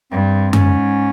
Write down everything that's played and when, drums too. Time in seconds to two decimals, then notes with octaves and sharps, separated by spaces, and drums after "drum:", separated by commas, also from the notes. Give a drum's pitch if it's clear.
0.11 G2 C4
0.53 G#2 C#4, drum: tom F#2